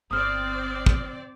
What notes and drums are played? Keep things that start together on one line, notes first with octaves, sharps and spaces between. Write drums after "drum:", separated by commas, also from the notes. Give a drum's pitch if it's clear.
G1 C4 D5 D#6 F6
drum: kick